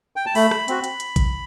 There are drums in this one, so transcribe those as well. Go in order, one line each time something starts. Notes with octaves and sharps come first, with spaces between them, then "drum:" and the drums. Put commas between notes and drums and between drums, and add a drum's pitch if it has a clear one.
G5
A5
A3 B5, drum: open hi-hat
drum: rim click
C4 F#4, drum: hi-hat
drum: hi-hat
drum: hi-hat
drum: kick A#1, hi-hat